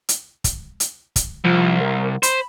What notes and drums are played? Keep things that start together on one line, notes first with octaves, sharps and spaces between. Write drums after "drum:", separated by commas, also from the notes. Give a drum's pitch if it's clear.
drum: hi-hat
drum: kick, hi-hat
drum: hi-hat
drum: kick, hi-hat
C2 F3
A#4
C5 B5, drum: hi-hat